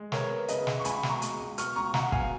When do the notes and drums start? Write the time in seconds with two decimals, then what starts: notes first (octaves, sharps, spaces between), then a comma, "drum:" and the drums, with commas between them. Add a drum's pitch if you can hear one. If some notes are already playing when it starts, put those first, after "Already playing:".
Already playing: G#3
0.12 B3 A#4 C#5, drum: snare
0.31 B3
0.48 C#3 B4 D#5, drum: hi-hat
0.67 C#3, drum: snare
0.80 C#6
0.85 C#2 G#5 B5, drum: hi-hat
1.03 B2, drum: snare
1.09 A#5 C#6
1.22 G#3, drum: hi-hat
1.39 C#2
1.58 B2 C#6 F6, drum: hi-hat
1.76 C#2 A#5 C#6
1.94 C#2 F#5 A#5, drum: snare
2.12 B2 F5 G#5, drum: kick